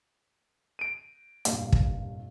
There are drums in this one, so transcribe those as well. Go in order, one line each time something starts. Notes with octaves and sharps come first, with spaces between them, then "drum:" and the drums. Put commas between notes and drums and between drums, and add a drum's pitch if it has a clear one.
D7 D#7
F1 G2 A#2, drum: hi-hat
drum: kick